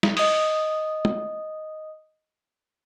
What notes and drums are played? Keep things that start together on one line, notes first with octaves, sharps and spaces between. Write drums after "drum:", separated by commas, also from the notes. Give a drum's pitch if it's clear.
drum: snare
D#5 D#6, drum: open hi-hat
drum: tom